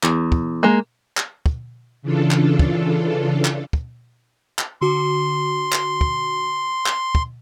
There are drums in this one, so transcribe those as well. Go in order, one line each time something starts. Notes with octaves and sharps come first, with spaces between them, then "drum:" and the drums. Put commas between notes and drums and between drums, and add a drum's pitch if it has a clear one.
E2, drum: clap
drum: kick
G#3 A#3
drum: clap
drum: kick
C#3 E3 D4 F4 A4
drum: clap
drum: kick
drum: clap
drum: kick
drum: clap
D3 F#4 C6 D6
drum: clap
drum: kick
drum: clap
drum: kick